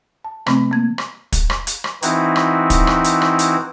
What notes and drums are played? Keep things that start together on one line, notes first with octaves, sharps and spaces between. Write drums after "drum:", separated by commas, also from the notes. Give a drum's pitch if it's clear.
A5
C3 F3 A3 B3 C4, drum: rim click
A#3 G#6
drum: rim click
drum: kick, hi-hat
drum: rim click
drum: hi-hat
drum: rim click
E3 C4 D#4 E4 F#4, drum: hi-hat
drum: rim click
drum: kick, hi-hat
drum: rim click
drum: hi-hat
drum: rim click
drum: hi-hat